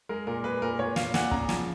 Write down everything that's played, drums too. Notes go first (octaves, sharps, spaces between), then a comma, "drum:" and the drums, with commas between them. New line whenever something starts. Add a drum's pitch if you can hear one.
G#3 A#4
A#2 A#4
G#3 B4
A#2 A#4
A#2 C#5
A#2 F5, drum: snare
A#2 F#5, drum: snare
C#3 A#5, drum: kick
F3, drum: snare